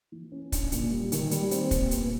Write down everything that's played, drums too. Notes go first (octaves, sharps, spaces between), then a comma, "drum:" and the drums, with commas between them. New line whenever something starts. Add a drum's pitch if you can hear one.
E3
C#4
D4, drum: kick, hi-hat
A#2, drum: hi-hat
G3
D#3, drum: hi-hat
G3, drum: hi-hat
C4, drum: hi-hat
A#2, drum: kick, hi-hat
B3, drum: hi-hat